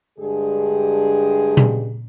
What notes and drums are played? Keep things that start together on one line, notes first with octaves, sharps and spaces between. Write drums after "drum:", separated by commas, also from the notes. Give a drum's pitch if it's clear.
G2 D3 G#3 G4 G#4
drum: tom A#2